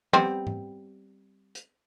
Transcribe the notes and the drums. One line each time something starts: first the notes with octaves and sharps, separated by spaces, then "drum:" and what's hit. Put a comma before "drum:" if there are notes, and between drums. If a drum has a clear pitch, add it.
G3 B3 C4, drum: tom F3
drum: tom G#2
drum: hi-hat